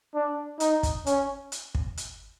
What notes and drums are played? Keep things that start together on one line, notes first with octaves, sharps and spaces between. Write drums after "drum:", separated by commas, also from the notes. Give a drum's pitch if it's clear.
D4
D#4, drum: hi-hat
drum: kick, hi-hat
C#4, drum: hi-hat
drum: hi-hat
drum: kick
drum: hi-hat